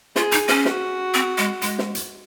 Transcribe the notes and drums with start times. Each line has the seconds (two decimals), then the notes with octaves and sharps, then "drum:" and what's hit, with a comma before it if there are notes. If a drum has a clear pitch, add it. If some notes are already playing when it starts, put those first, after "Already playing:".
0.16 F4 G#4, drum: snare
0.32 D#4, drum: hi-hat
0.48 C#4, drum: snare
0.65 F#4, drum: snare
1.14 C4
1.38 G#3
1.62 G#3, drum: hi-hat
1.78 drum: snare
1.95 drum: hi-hat